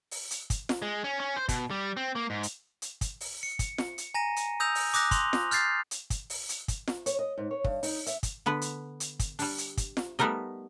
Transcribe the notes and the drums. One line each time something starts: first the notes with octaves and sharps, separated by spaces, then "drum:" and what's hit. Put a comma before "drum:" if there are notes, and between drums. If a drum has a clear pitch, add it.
drum: open hi-hat
drum: hi-hat
drum: kick, hi-hat
drum: snare F4
G#3
C#4
C#4
C5
B2, drum: kick, hi-hat
G3
C4
A#3
G#2
drum: hi-hat
drum: hi-hat
drum: kick, hi-hat
drum: open hi-hat
C#7
drum: kick, hi-hat
drum: snare F4
drum: hi-hat
G#5 A#5 A#6 D#7
drum: hi-hat
D#6 E6 G6 A#6 F7
drum: open hi-hat
D6 D#6 F#6 A#6, drum: hi-hat
C6 F7, drum: kick, hi-hat
drum: snare F4
F6 G6 A6 C7, drum: hi-hat
drum: hi-hat
drum: kick, hi-hat
drum: open hi-hat
drum: hi-hat
drum: kick, hi-hat
drum: snare F4
C#5, drum: hi-hat
D#5
G#2
C#5
G2, drum: kick
D#4, drum: open hi-hat
E5, drum: hi-hat
drum: kick, hi-hat
D3 B3 B4
drum: hi-hat
drum: hi-hat
drum: kick, hi-hat
G3 D4, drum: open hi-hat
drum: hi-hat
drum: kick, hi-hat
drum: snare F4
G3 A3 B3 D#4 A#4 D#5